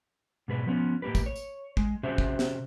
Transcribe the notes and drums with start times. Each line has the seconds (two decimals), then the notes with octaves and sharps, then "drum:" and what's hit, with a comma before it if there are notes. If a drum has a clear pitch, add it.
0.48 G#2 B2 G#4 B4
0.66 F3 B3 C#4
1.02 A2 A#3 G4 B4
1.15 drum: kick, tambourine
1.26 C#5
1.36 drum: tambourine
1.77 G#3, drum: kick
2.03 C3 C#4 F#4 G#4 C5 E5
2.18 drum: kick
2.39 drum: snare